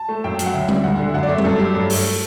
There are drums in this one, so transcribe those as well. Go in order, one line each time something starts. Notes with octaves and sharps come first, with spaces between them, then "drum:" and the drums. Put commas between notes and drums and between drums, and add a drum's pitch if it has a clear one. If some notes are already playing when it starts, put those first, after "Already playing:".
Already playing: A5
A3
F#2 G5
F#3, drum: hi-hat
F#5
D2 E5
G3, drum: tom G3
D2 F#5
D3
E5
F#2 F#5
D5
A3 E5
G4, drum: tom G3
F#2 A4
F#3 G4
G2 A4
A3, drum: open hi-hat